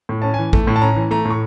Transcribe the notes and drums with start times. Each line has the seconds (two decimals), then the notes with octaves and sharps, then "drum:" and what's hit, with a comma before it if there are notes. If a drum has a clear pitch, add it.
0.09 A2
0.22 C#4 A5
0.34 E3 G#5
0.53 A3, drum: kick
0.67 A2
0.76 A5
0.81 C#4 A#5
0.96 E3
1.11 A3 A#5
1.25 A2
1.30 C#6